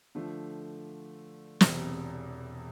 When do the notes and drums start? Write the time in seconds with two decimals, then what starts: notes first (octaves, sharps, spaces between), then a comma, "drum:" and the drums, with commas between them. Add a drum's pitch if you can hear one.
0.15 D3 F3 A3
1.61 E1 E2 C3, drum: snare